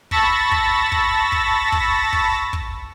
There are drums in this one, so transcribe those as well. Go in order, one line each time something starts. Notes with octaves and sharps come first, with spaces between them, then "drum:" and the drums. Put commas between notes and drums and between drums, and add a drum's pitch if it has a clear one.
A5 B5 C#6 E6 A6 A#6, drum: kick
drum: kick
drum: kick
drum: kick
drum: kick
drum: kick
drum: kick